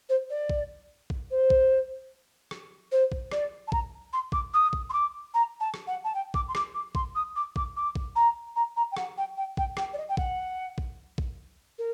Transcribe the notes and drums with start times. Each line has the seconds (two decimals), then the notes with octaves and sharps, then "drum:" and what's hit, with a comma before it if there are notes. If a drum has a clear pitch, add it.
0.09 C5
0.29 D5
0.50 drum: kick A#1
1.10 drum: kick A#1
1.30 C5
1.50 drum: kick A#1
2.51 drum: rim click
2.91 C5
3.12 drum: kick A#1
3.31 D5, drum: rim click
3.67 A5
3.72 A#5, drum: kick A#1
4.13 C6
4.32 D6, drum: kick A#1
4.53 D#6
4.73 drum: kick A#1
4.89 C6
4.92 D6
5.34 A#5
5.60 A5
5.74 drum: rim click
5.87 F#5
6.04 A5
6.14 G5
6.34 D6, drum: kick A#1
6.48 C6
6.55 D6, drum: rim click
6.74 D6
6.95 C6, drum: kick A#1
7.15 D#6
7.35 D6
7.56 D6, drum: kick A#1
7.76 D6
7.95 drum: kick A#1
8.15 A#5
8.55 A#5
8.76 A#5
8.91 G5
8.97 F#5, drum: rim click
9.17 G5
9.37 G5
9.57 G5, drum: kick A#1
9.77 G5, drum: rim click
9.93 D5
9.97 D#5
10.08 G5
10.17 F#5, drum: kick A#1
10.78 drum: kick A#1
11.18 drum: kick A#1
11.78 A#4